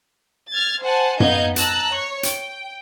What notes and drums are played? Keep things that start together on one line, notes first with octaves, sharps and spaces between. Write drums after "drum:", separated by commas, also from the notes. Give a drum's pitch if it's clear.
F6 G#6 A6
C5 F#5 G#5 A5
B3 D#4 D#5 F5 G6 G#6, drum: tom F#2
A5 A#5 E6 F#6, drum: hi-hat
C#5 C#6
G5, drum: hi-hat